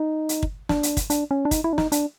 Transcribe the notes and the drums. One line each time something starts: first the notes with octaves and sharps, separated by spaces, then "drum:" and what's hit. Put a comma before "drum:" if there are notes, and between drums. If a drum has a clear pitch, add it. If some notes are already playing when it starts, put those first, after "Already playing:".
Already playing: D#4
drum: hi-hat
drum: kick
D4, drum: snare
drum: hi-hat
drum: kick, hi-hat
D4, drum: hi-hat
C#4
D4
D#4, drum: kick, hi-hat
E4
D4
D#4, drum: snare
D4, drum: hi-hat